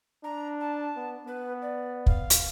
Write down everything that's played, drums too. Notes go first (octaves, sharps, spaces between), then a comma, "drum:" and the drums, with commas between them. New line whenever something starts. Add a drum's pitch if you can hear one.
D4 A#5
A5
B3
B3 B4
D5
F5, drum: kick
drum: hi-hat